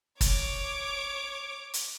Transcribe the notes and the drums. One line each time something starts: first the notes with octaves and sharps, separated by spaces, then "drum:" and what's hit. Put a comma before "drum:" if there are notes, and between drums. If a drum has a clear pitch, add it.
C#5 D6, drum: kick, hi-hat
drum: hi-hat